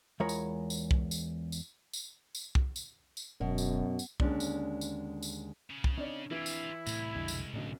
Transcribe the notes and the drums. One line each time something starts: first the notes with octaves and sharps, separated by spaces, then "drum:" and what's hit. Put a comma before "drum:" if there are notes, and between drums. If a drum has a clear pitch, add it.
E2 G#3 F4 A#4 C#5 B5
drum: tambourine
drum: tambourine
drum: kick
drum: tambourine
drum: tambourine
drum: tambourine
drum: tambourine
drum: kick
drum: tambourine
drum: tambourine
E1 F#2 B2
drum: tambourine
drum: tambourine
D#2 D3 G#3 C#4 D4 A4, drum: kick
drum: tambourine
drum: tambourine
drum: tambourine
C#3
drum: kick
C4 D4 D#4 C#5 D5
E3 G3 E4 F4 D7
drum: tambourine
C2 A2, drum: tambourine
B1 F2 D3 G#3
drum: tambourine
F1 B1 F#2 A2 D3